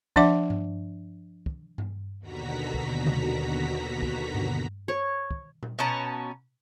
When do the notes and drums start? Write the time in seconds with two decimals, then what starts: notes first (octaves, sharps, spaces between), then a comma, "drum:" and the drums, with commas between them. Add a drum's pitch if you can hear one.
0.16 F3 D4 D5 E5 F#5 D6, drum: kick
0.50 drum: tom G2
1.46 drum: kick
1.78 drum: tom G2
2.19 D#2 B2 D3 F#4 A#5 B6
2.74 drum: kick
3.06 drum: tom C3
4.02 drum: kick
4.34 drum: tom G2
4.88 C#5
5.31 drum: kick
5.63 drum: tom A#2
5.79 B2 C#4 A5 A#5